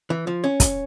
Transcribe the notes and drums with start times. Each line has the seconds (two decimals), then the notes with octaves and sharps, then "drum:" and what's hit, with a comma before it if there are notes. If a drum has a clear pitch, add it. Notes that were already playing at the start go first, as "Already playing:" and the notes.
0.10 E3
0.27 F3
0.44 C#4
0.60 drum: kick, hi-hat